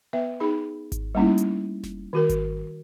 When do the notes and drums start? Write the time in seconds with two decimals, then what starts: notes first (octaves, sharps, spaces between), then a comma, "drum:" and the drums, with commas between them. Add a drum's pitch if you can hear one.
0.13 B3 B4 E5
0.40 B3 D#4 G#4 B5
0.92 drum: kick G#1, hi-hat
1.15 G3 A3 A#3 C#4 D#4 E4
1.38 drum: hi-hat
1.84 drum: snare F1
2.13 D#3 F#4 A#4
2.29 drum: kick G#1, hi-hat